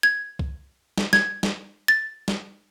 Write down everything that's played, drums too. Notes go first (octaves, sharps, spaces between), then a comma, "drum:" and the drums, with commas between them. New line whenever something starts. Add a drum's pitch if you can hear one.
G#6
drum: kick C2
drum: snare
G#6, drum: snare
drum: snare
A6
drum: snare